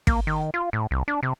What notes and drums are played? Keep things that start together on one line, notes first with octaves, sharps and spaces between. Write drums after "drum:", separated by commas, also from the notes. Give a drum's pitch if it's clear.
A#3, drum: kick
D#3
F4
A2
C2
D4
C3